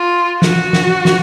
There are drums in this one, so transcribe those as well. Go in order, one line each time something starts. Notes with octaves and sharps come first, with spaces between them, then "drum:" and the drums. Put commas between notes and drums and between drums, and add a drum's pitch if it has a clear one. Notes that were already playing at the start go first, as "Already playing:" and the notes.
Already playing: F4
F#4, drum: snare
drum: snare
drum: snare